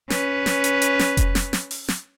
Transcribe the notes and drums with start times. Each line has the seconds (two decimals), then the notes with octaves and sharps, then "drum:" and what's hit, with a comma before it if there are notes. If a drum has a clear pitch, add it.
0.10 C#4 B4, drum: snare
0.46 drum: snare
0.64 drum: hi-hat
0.82 drum: hi-hat
0.99 drum: snare
1.17 drum: kick F1, hi-hat
1.35 drum: snare
1.53 drum: snare
1.71 drum: open hi-hat
1.88 drum: snare